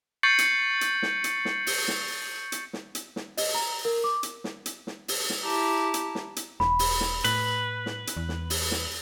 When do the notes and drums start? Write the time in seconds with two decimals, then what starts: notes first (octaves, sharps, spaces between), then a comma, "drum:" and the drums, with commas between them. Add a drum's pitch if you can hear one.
0.23 C#6 G6 A6 C7 C#7 F#7
0.38 drum: hi-hat
0.81 drum: hi-hat
1.03 drum: snare
1.24 drum: hi-hat
1.45 drum: snare
1.67 drum: open hi-hat
1.88 drum: snare
2.52 drum: hi-hat
2.73 drum: snare
2.95 drum: hi-hat
3.16 drum: snare
3.37 D#5, drum: open hi-hat
3.54 A#5
3.85 A#4
4.04 D6
4.23 drum: hi-hat
4.44 drum: snare
4.66 drum: hi-hat
4.87 drum: snare
5.08 drum: open hi-hat
5.30 drum: snare
5.43 E4 G4 A5 A#5
5.94 drum: hi-hat
6.15 drum: snare
6.36 drum: hi-hat
6.60 E1 B5, drum: snare
6.79 drum: open hi-hat
7.01 drum: snare
7.24 A2 B4, drum: hi-hat
7.86 drum: snare
8.07 drum: hi-hat
8.17 E2
8.29 drum: snare
8.50 drum: open hi-hat
8.71 drum: snare